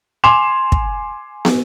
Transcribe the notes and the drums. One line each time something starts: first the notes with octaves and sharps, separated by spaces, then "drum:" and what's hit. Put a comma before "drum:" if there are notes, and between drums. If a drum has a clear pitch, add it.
G#5 C6 D6 E7 F7
drum: kick
drum: snare